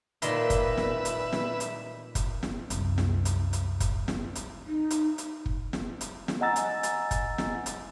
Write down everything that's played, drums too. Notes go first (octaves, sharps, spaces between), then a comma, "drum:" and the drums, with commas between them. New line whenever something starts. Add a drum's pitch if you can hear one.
A#2 D#3 B4 E5 C6, drum: hi-hat
drum: kick, hi-hat
drum: snare
drum: hi-hat
drum: snare
drum: hi-hat
drum: kick, hi-hat
drum: snare
C2 F#2, drum: hi-hat
drum: snare
drum: hi-hat
drum: hi-hat
drum: kick, hi-hat
drum: snare
drum: hi-hat
D#4
drum: hi-hat
drum: hi-hat
drum: kick
drum: snare
drum: hi-hat
drum: snare
D#5 F#5 G#5 A#5 E6 A6
drum: hi-hat
drum: hi-hat
drum: kick, hi-hat
drum: snare
drum: hi-hat